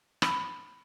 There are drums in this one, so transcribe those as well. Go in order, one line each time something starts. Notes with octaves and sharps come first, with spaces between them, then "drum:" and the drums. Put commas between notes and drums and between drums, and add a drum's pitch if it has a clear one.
B5, drum: rim click